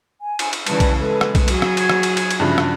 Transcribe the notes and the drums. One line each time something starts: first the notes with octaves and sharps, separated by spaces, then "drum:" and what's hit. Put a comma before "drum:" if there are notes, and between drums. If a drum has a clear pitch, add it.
G#5
drum: cymbal
drum: cymbal
C#3 E3 G3 B4 D5 A5, drum: cymbal
drum: kick B1, cymbal
G#3 A4 B4
drum: rim click
drum: kick B1, cymbal
F#3 G#4, drum: cymbal
drum: rim click
F#4 G#6, drum: cymbal
drum: rim click
drum: cymbal
drum: cymbal
drum: cymbal
G2 C#3 F3 E5 B5
drum: rim click